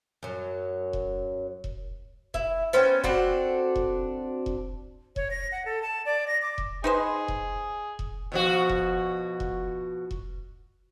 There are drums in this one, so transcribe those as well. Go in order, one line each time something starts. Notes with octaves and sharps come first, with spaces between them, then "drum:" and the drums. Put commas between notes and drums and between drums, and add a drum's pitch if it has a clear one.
F#2 F#3
drum: kick E1
drum: kick E1
E4, drum: kick E1
B3 C#4 C5 G5
C4 D4 F#4 A4, drum: kick E1
drum: kick E1
drum: kick E1
C#5, drum: kick E1
A#6
F#5
A4
A5
D5
A#6
D6
drum: kick E1
D#4 G#4 B4 C5
drum: kick E1
drum: kick E1
B2 F3 F#4
drum: kick E1
drum: kick E1
drum: kick E1